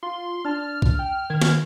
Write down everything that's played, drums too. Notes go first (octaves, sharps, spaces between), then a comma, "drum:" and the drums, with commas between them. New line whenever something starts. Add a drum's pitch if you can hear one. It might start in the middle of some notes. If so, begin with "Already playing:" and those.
F4 C6
D4 A5 F6 A6
drum: kick
G5
D#3 F6 G#6
drum: snare